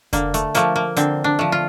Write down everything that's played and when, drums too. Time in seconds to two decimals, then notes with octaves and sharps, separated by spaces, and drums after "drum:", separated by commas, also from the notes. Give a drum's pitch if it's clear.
0.13 D3 A#3, drum: kick F1, hi-hat
0.34 A3, drum: hi-hat
0.55 F3 A3 A#3, drum: hi-hat
0.76 A#3
0.97 D3 C4, drum: hi-hat
1.24 D4
1.39 F3 A3
1.52 F4